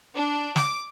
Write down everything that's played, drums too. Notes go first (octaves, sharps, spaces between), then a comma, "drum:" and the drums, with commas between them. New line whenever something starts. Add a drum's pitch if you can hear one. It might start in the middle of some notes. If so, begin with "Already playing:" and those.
D4
D6, drum: snare